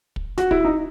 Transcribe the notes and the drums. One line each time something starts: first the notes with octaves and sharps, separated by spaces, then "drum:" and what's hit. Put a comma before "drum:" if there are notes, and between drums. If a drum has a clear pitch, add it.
drum: kick
F#4, drum: snare
E4, drum: kick
D#4